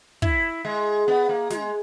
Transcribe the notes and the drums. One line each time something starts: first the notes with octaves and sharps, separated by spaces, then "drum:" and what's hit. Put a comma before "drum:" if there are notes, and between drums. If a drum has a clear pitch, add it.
E4, drum: kick
G#3
B3
A#3
G#3, drum: snare